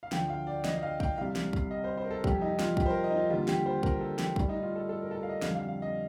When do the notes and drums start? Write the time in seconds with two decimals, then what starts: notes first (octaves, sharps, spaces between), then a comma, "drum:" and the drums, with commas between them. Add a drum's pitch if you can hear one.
0.03 F5
0.12 D2 D3 F3 G5, drum: snare
0.30 F5
0.47 D5
0.64 D#5, drum: snare
0.78 D#5
0.83 F5
1.00 G5, drum: kick
1.18 C2 C3 G3 F5
1.36 drum: snare
1.53 drum: kick
1.71 D#5
1.84 C5
1.97 C5
2.04 A#4
2.10 A4
2.24 F2 C3 G3 G4, drum: kick
2.42 D#4
2.59 F4, drum: snare
2.77 G4, drum: kick
2.86 C5
2.90 A#4
3.04 D#5
3.10 D#4
3.17 F4
3.30 D#2 D3 G3 F4
3.48 G4, drum: snare
3.66 C5
3.83 A#4, drum: kick
4.01 A4
4.19 G4, drum: snare
4.36 A2 G3, drum: kick
4.49 D#4
4.63 F4
4.76 A4
4.89 A4
5.02 A#4
5.11 A4
5.15 A#4
5.23 F5
5.29 D#5
5.42 F2 D3 G3 F5, drum: snare
5.55 F5
5.69 F5
5.82 D#5